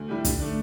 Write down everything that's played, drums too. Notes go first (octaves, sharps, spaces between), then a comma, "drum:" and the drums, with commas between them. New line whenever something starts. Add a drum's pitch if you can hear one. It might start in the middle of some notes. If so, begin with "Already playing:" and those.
Already playing: D2
D3 G3 E4 G4
D3, drum: kick, hi-hat
A3 D4